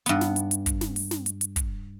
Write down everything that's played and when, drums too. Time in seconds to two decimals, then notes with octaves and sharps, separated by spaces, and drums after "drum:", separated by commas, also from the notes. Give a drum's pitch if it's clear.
0.06 G2 B3, drum: hi-hat
0.21 drum: snare
0.36 drum: hi-hat
0.51 drum: hi-hat
0.66 drum: kick, hi-hat
0.81 drum: snare
0.96 drum: open hi-hat
1.11 drum: snare
1.26 drum: hi-hat
1.41 drum: hi-hat
1.56 drum: kick, hi-hat